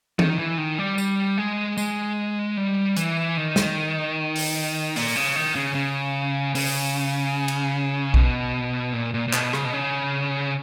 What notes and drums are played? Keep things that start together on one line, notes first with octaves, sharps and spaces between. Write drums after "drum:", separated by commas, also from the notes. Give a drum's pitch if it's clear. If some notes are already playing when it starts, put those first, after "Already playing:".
D#3, drum: tom E3
E3
D#3
G3
G3, drum: tambourine
G#3
G#3, drum: tambourine
G3
E3, drum: hi-hat
D#3
drum: snare
drum: open hi-hat
A#2, drum: open hi-hat
C#3
D#3
C#3
C#3
C#3, drum: open hi-hat
drum: cymbal
B2, drum: kick A#1
A#2
A#2
A#2
B2, drum: clap
C#3, drum: rim click
B2
C#3